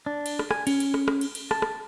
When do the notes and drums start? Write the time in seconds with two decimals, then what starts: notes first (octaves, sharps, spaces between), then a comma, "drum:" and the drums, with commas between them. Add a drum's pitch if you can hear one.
0.06 D4
0.26 drum: cymbal
0.39 drum: rim click
0.51 G#5, drum: rim click
0.67 C#4, drum: cymbal
0.80 drum: cymbal
0.94 drum: rim click
1.08 drum: rim click
1.21 drum: cymbal
1.35 drum: cymbal
1.51 A5, drum: rim click
1.62 drum: rim click